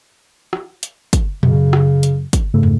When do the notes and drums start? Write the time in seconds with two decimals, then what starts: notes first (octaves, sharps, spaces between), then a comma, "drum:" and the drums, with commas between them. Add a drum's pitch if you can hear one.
0.53 drum: rim click
0.83 drum: hi-hat
1.13 drum: kick, hi-hat
1.43 F#2 C#3, drum: tom A#2
1.73 drum: rim click
2.03 drum: hi-hat
2.33 drum: kick, hi-hat
2.54 G#2 C#3 A3
2.63 drum: tom